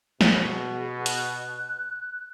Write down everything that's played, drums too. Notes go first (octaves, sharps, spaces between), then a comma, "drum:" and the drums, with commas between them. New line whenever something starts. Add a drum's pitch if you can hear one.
B2 G#4, drum: snare
F#6, drum: hi-hat